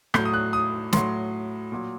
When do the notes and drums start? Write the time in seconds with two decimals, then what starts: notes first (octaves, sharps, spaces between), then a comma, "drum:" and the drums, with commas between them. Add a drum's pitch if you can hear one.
0.14 A2 F#3 G6, drum: rim click
0.25 D#6
0.33 F#6
0.53 D#6
0.93 A2 F#3 C6, drum: snare
1.72 A#2 F#3